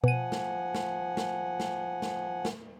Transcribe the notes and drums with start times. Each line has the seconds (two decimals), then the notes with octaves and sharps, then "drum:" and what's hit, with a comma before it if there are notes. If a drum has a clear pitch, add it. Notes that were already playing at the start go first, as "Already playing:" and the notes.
0.04 B2 F3 F#5 G#5 D#7
0.32 drum: snare
0.75 drum: snare
1.17 drum: snare
1.60 drum: snare
2.02 drum: snare
2.45 drum: snare